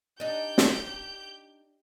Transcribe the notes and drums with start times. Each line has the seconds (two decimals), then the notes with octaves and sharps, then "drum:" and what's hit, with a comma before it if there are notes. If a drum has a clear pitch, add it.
0.20 D4 D#4 G4 G6
0.58 drum: snare